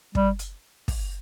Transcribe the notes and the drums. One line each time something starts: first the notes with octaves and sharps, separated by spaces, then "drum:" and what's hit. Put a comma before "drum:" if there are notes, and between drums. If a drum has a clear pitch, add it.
G3, drum: kick
drum: hi-hat
drum: kick, open hi-hat